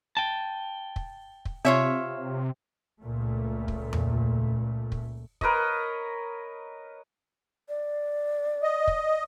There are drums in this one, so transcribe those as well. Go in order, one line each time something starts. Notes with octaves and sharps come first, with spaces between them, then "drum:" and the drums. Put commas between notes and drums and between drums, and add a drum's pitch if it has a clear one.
G5 A5
drum: kick
drum: kick
C3 C4 F4 C#5 E5
C#2 A#2 A3
drum: kick
drum: tom E2
drum: kick
A#4 B4 C#5 D#5, drum: kick
D5
D#5
drum: kick